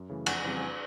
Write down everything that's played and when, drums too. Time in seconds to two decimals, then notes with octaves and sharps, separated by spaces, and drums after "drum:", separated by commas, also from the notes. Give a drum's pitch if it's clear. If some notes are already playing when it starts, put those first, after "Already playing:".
Already playing: F#2
0.10 C#3 E3 A3
0.26 F2 F#5 G#5, drum: cymbal
0.44 C#3 E3 G3 C4